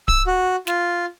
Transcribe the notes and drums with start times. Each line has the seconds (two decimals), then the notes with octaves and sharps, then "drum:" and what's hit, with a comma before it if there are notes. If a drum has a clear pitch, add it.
0.08 E6, drum: kick D1
0.27 F#4
0.67 F4, drum: snare